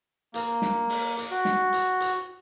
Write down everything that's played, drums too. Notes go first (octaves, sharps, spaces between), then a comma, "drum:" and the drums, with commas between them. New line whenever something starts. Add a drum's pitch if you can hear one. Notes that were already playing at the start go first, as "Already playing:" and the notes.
A#3, drum: hi-hat
drum: snare
drum: open hi-hat
drum: hi-hat
F#4
drum: snare
drum: hi-hat
drum: hi-hat